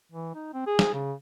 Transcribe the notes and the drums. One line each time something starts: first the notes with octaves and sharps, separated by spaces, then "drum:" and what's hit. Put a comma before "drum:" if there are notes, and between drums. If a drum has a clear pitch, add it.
E3
D#4
C4
G#4
drum: snare
C#3